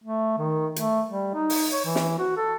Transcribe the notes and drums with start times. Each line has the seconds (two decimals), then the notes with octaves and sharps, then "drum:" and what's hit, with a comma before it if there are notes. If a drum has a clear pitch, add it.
0.04 A3
0.38 D#3
0.76 A3, drum: hi-hat
1.09 G3
1.34 D#4
1.50 drum: open hi-hat
1.72 C#5
1.85 E3
1.96 drum: snare
2.18 F#4
2.37 A4